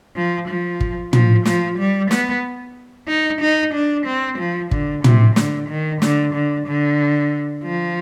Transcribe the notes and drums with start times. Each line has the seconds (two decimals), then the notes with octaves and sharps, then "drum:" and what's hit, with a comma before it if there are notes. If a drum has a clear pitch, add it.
0.16 F3
0.48 F3
0.80 drum: kick
1.13 F3, drum: tom
1.45 F3, drum: snare
1.79 G3
2.11 B3, drum: snare
3.08 D#4
3.41 D#4
3.74 D4
4.06 C4
4.39 F3
4.71 D3, drum: kick
5.04 C3, drum: tom
5.36 D3, drum: snare
5.69 D#3
6.02 D3, drum: snare
6.34 D3
6.67 D3
7.64 F3